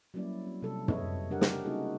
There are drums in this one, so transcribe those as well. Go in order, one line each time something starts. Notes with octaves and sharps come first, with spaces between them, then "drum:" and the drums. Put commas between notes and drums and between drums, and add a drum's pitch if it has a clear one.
F#3 G3 A#3 C#4 E4 D5
C4
C3 G3 A4
C4 B4 C#5 D#5 E5, drum: tom
C#3 G3 D4 G4 A#4 F#5
drum: snare
G#3 A#3 C#4 D#4 F#4 G#4